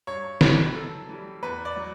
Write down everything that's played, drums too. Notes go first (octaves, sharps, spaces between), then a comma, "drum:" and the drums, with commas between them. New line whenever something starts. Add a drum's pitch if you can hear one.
G2 C#5
E3 G3 B4, drum: snare
F#2 A4
E3 G3
E2 B4
D5
F#3